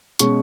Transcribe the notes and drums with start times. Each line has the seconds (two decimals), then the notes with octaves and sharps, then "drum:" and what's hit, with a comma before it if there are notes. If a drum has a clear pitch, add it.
0.19 B2 G#3 C#4 C#6, drum: hi-hat